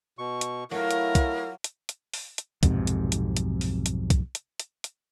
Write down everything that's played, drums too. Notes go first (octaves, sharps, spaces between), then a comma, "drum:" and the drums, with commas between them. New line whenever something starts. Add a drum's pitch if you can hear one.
B2 C#6
drum: hi-hat
F#3 A3 E4 F4 A#4
drum: hi-hat
drum: kick, hi-hat
drum: hi-hat
drum: hi-hat
drum: open hi-hat
drum: hi-hat
B1 F2 G#2 C3, drum: kick, hi-hat
drum: hi-hat
drum: hi-hat
drum: hi-hat
drum: open hi-hat
drum: hi-hat
drum: kick, hi-hat
drum: hi-hat
drum: hi-hat
drum: hi-hat